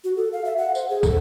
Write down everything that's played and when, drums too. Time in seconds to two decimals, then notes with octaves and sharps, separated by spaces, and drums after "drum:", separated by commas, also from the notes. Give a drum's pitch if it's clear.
0.04 F#4
0.16 A4
0.33 F5
0.45 E5
0.58 F#5
0.75 C5, drum: tambourine
0.89 G#4
1.03 A4, drum: kick, tambourine